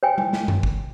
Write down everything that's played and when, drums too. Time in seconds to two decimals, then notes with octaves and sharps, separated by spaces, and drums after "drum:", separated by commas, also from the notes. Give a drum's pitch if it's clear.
0.03 C#5 G5 G#5
0.18 drum: tom G3
0.33 drum: snare
0.48 drum: tom F#2
0.63 drum: kick